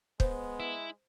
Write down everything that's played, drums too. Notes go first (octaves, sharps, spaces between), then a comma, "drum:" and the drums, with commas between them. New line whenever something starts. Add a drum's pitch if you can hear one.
G#3 B3 C5, drum: kick
E4